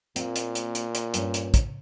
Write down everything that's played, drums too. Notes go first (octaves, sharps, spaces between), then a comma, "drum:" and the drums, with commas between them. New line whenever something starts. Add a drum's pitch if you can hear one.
A#2 A#3 C4, drum: hi-hat
drum: hi-hat
drum: hi-hat
drum: hi-hat
drum: hi-hat
G2 C#4, drum: hi-hat
drum: hi-hat
drum: kick, hi-hat